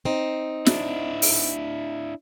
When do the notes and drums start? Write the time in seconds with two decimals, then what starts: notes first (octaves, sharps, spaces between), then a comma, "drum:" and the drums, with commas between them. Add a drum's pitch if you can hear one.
0.05 C4 D#4
0.66 D4 E4, drum: snare
1.22 drum: open hi-hat